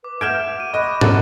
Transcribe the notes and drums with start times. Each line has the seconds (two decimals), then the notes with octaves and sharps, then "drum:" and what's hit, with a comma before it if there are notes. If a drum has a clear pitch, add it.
0.04 B4 D6
0.21 E5 F#5 F6 G6 G#6 D7 E7
0.60 F#4 D#7
0.74 D#5 B5 C#6 D6 F#6
1.01 F#2 F#4 A6, drum: tom